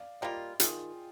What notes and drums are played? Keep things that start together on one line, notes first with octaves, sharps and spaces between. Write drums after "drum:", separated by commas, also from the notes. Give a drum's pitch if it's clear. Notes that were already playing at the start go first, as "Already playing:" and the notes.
Already playing: D5 F5
G3 A#3 F4 D#5 G5
D#3 F4 G#4, drum: hi-hat